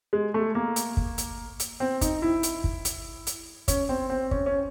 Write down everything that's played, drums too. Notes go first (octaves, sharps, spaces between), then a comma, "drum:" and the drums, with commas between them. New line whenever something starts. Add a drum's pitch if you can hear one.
G#3
A3
A#3
drum: hi-hat
drum: kick
drum: hi-hat
drum: hi-hat
C4
D#4, drum: kick, hi-hat
E4
drum: hi-hat
drum: kick
drum: hi-hat
drum: hi-hat
C#4, drum: kick, hi-hat
C4
C4
C#4, drum: kick
C#4